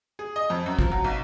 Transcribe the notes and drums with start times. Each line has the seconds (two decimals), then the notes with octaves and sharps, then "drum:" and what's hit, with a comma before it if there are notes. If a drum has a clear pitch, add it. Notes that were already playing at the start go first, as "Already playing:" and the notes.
0.19 G#4
0.36 D#5
0.50 F2
0.66 F#2
0.79 F3, drum: kick
0.91 F#3
1.04 B1